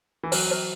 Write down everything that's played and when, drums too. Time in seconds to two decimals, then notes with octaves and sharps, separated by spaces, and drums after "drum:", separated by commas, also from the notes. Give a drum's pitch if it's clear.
0.23 E3
0.32 F#3 C5, drum: open hi-hat
0.51 C5